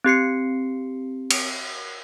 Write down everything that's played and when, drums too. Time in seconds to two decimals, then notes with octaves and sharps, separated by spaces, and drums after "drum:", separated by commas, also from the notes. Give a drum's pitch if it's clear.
0.04 C4 G4 C7 C#7
1.31 drum: cymbal